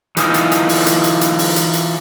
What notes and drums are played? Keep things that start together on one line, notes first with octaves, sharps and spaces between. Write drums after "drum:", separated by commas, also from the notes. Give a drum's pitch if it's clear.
E3 D#4 F4 G#4, drum: hi-hat
drum: hi-hat
drum: hi-hat
drum: open hi-hat
drum: hi-hat
drum: hi-hat
drum: hi-hat
drum: open hi-hat
drum: hi-hat
drum: hi-hat